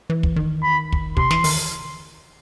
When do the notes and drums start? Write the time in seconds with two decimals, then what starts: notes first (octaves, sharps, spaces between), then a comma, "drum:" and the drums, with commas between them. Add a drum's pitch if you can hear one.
0.10 E3
0.23 drum: kick
0.36 D#3
0.63 B5
0.92 drum: kick
1.17 C3 C6, drum: kick
1.31 E3, drum: snare
1.44 D#3, drum: open hi-hat